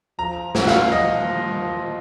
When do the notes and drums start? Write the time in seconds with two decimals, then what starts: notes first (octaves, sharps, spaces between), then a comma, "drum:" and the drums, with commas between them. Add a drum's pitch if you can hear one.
0.19 F3 A#5
0.55 F#2, drum: snare
0.63 F#5
0.67 F5, drum: snare
0.92 F3 D#5